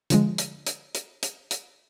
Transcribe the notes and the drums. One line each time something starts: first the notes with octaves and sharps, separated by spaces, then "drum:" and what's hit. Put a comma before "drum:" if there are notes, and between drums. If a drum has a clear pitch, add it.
D3 F3 G#3, drum: hi-hat
drum: hi-hat
drum: hi-hat
drum: hi-hat
drum: hi-hat
drum: hi-hat